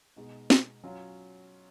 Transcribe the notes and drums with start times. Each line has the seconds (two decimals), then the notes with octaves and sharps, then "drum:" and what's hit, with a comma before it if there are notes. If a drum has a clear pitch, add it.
0.16 B2 G#3 D#4
0.50 drum: snare
0.84 F#3 C#4 F4